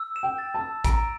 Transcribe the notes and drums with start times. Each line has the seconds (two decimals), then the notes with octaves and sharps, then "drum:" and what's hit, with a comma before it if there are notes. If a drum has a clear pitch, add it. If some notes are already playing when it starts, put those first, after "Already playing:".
Already playing: E6
0.16 E7
0.23 G5
0.38 A6
0.54 A5
0.61 E6
0.84 A#5 D7, drum: kick, hi-hat